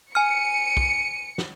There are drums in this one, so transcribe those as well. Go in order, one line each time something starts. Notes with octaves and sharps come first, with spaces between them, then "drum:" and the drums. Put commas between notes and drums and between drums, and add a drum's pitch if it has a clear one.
G#5 F6 C#7 D#7
drum: kick
drum: snare